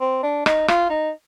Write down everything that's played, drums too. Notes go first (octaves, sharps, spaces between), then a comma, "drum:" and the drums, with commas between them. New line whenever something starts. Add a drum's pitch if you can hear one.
C4
D4
D#4, drum: rim click
F4, drum: rim click
D#4